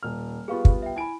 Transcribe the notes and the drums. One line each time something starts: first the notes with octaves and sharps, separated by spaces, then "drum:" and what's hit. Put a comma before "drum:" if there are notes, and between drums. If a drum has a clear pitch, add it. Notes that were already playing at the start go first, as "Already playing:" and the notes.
D#1 F6
G3 B3 F4 G#4 F5 C#6
drum: kick
E5 G5
E4 G#5 B5 D7